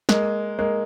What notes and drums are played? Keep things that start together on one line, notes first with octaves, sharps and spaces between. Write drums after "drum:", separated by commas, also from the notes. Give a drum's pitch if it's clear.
G#3 A#3, drum: snare
G#3 A#3